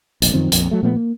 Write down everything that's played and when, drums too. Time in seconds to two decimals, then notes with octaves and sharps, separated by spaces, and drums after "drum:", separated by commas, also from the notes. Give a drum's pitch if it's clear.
0.22 F1 A#1, drum: hi-hat
0.34 F#2 D#3 F3 C4
0.52 A#1 F2, drum: hi-hat
0.71 F#3 A3
0.83 A#2 F3 A3 B3
0.96 A#3